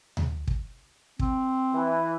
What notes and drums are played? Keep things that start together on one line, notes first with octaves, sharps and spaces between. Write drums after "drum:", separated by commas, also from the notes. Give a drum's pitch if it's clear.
drum: tom D2
drum: kick
C4, drum: kick
E3